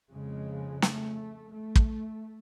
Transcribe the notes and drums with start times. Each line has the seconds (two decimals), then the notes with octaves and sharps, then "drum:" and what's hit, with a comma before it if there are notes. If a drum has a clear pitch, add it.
0.12 F2 C#3 G#3
0.82 A3, drum: snare
1.52 A3
1.76 drum: kick